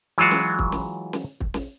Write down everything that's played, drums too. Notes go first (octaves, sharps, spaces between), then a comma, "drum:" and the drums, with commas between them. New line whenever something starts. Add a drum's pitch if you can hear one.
E3 F#3 G#3 F4 F#4
drum: snare
drum: kick
drum: snare
drum: snare
drum: kick
drum: snare